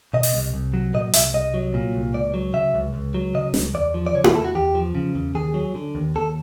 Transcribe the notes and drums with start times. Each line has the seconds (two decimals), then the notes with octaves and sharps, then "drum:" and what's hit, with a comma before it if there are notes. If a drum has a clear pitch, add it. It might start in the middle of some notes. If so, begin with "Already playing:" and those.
0.14 B2 D#5
0.23 drum: open hi-hat
0.34 C2
0.54 C2
0.74 F#3
0.94 A#2 D#5
1.13 C2 E5, drum: hi-hat
1.34 C2 D#5
1.54 F#3
1.74 A#2
1.94 C2
2.14 C#2 D5
2.34 F#3
2.54 C#3 E5
2.74 C#2
2.94 C#2
3.14 F#3
3.34 C#3 D#5
3.54 C#2, drum: snare
3.74 E2 D5
3.94 F3
4.06 D5
4.14 C#3 C#5
4.24 A#4, drum: tom E4
4.34 E2 A4
4.45 F#4
4.55 E2 G4
4.75 F3
4.95 C#3
5.15 E2
5.35 D#2 G#4
5.54 F#3
5.75 D3
5.95 D#2
6.15 D#2 A4